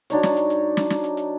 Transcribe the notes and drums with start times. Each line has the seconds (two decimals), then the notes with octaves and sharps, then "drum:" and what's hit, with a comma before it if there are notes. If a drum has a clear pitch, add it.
0.10 F#3 D4 D#4 C#5, drum: hi-hat
0.23 drum: snare
0.37 drum: hi-hat
0.50 drum: hi-hat
0.77 drum: snare
0.90 drum: snare
1.04 drum: hi-hat
1.17 drum: hi-hat